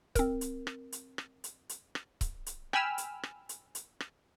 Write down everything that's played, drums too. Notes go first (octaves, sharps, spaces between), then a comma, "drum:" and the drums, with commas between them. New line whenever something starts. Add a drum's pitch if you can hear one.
C4 A#4, drum: kick C#1, hi-hat
drum: hi-hat
drum: rim click
drum: hi-hat
drum: rim click
drum: hi-hat
drum: hi-hat
drum: rim click
drum: kick C#1, hi-hat
drum: hi-hat
G5 G#5 B5 E6 F6, drum: rim click
drum: hi-hat
drum: rim click
drum: hi-hat
drum: hi-hat
drum: rim click